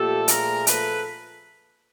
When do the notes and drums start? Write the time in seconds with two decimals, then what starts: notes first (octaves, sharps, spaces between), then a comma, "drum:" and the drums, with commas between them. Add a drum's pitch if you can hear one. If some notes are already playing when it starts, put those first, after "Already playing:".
Already playing: A#2 F3 A3 G4 A4
0.28 G#4 A#4, drum: hi-hat
0.67 A4 B4, drum: hi-hat